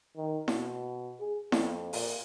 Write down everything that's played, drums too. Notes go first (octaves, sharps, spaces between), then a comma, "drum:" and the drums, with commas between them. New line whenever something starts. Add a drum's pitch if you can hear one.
D#3
B2, drum: snare E4
G#4
F2, drum: snare E4
A#2, drum: open hi-hat